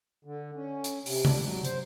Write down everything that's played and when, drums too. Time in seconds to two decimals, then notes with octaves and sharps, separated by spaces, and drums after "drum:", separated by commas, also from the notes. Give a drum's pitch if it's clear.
0.25 D3
0.55 C#4
0.84 drum: hi-hat
1.06 C3, drum: open hi-hat
1.25 D4, drum: tom C3
1.43 F#3
1.65 C5, drum: hi-hat